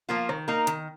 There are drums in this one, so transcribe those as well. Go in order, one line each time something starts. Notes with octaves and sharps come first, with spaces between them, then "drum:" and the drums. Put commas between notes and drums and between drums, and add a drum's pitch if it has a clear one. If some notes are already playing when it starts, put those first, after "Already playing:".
F3 A#3 F4
D#3, drum: rim click
A#3 D#4 A#4
D#3, drum: hi-hat